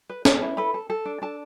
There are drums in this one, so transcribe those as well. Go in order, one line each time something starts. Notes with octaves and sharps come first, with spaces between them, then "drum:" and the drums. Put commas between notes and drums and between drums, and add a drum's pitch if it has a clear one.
B4
B4, drum: snare
E4
A4 B4 B5
A4
A4
D4
D4 A4 A5